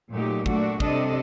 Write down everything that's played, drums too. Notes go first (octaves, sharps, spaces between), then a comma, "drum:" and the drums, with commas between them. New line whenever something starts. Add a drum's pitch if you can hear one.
A#2 F#3 A3 D#4 G4
A#2 A3 D4 F#4, drum: kick
C3 G3 D4 A4 D#5, drum: kick